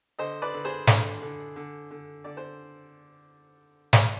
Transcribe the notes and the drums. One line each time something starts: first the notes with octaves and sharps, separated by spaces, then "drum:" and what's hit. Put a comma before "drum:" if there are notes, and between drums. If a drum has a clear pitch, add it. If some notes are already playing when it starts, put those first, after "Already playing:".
D3 C5 D#5
B4 D5
D3
G#4 C5
D3, drum: snare
D3
D3
D3
D3 D5
C5
drum: snare